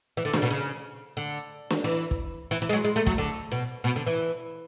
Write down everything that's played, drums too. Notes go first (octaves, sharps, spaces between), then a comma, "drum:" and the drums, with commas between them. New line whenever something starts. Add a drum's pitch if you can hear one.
E3
D3
C#3, drum: snare
B2
C#3
D3
drum: snare
E3
drum: kick
E3
E3
G#3
F#3
G#3
A3
F#3, drum: kick
D3
B2
B2
D3
E3